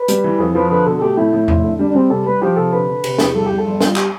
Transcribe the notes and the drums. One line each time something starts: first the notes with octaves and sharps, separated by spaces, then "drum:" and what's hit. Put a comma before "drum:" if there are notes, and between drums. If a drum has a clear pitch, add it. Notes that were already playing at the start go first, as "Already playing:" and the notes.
Already playing: B4
G3, drum: hi-hat
E3
F2
F3 B4
D3 B4
B2 A4
A4
A3 G4
A2 E4
A2
F1, drum: tom E2
D3
G3 D4
D4
G3 C4
C3 A4
G3 B4
F3 G4
C3 A4
D3 B4
D3
C3, drum: cymbal
E2, drum: snare
G2 A4
G2 G4
A4
G1
G2, drum: snare
F4
G4, drum: clap